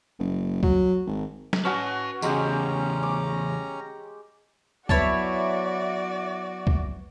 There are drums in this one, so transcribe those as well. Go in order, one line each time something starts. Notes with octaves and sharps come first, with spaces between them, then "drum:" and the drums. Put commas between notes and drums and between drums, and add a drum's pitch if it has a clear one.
F#1
F#3, drum: kick C#2
G#1
drum: snare
C#4 F#4 B4 A5
E2 C#3 G#3 C#4 G4 A#5, drum: tambourine
D6
F#3 B3 E4 F#4 B4 C#5 D5 A5, drum: kick C#2
drum: kick C#2